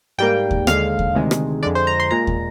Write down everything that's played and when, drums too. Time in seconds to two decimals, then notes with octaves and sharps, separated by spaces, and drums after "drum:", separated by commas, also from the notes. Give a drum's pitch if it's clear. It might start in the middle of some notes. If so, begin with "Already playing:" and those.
0.18 G#2 G3 A#3 G5
0.51 drum: kick D#2
0.67 D#2 D3 G#3 F5, drum: rim click
0.99 drum: kick D#2
1.15 D2 C3 D#3 G#3
1.31 drum: rim click
1.63 F2 D3 G#3 D5
1.75 C5
1.87 A#5
2.00 C6
2.11 A#2 G#3 A#5
2.27 drum: kick D#2